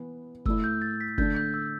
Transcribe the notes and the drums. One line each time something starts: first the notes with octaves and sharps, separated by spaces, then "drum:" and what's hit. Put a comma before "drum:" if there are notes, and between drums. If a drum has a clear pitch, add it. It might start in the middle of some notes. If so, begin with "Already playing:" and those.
Already playing: E3 B3 E4
A2 A3 E4 E6, drum: kick
G6
A6
B6
D3 A3 D4 G6, drum: kick
G6
E6